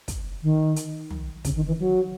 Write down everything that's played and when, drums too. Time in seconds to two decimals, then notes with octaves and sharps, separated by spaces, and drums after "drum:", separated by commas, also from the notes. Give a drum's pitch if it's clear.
0.08 drum: kick, hi-hat
0.43 D#3
0.76 drum: hi-hat
1.10 drum: tom
1.45 C#3, drum: kick, hi-hat
1.56 D#3
1.67 E3
1.79 F#3